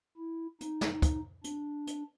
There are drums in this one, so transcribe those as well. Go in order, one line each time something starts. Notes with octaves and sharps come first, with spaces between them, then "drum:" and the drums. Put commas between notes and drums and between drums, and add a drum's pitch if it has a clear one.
E4
D#4, drum: hi-hat
drum: snare
drum: kick, hi-hat
D4, drum: hi-hat
drum: hi-hat